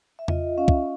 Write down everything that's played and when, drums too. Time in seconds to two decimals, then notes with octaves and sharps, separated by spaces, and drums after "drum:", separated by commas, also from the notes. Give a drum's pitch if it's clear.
0.19 E5
0.28 F4 D#5, drum: tom E2
0.58 C#4 F5
0.68 drum: kick